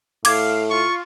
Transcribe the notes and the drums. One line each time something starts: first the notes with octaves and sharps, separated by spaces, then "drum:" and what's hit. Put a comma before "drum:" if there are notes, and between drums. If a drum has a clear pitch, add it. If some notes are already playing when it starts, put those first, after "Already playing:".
A2 F5 D6 G#6, drum: cymbal
F4 C#6